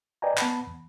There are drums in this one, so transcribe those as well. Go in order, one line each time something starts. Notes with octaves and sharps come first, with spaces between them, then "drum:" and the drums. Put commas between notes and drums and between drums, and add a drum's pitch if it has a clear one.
B4 D5 D#5 G5 G#5 A#5
B3 F#5 A5 B5, drum: clap
E2